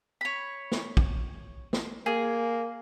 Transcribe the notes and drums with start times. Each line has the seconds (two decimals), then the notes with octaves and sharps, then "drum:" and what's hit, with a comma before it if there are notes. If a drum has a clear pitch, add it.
0.21 C#5 B5
0.72 drum: snare
0.97 drum: kick
1.73 drum: snare
2.06 A#3 G#4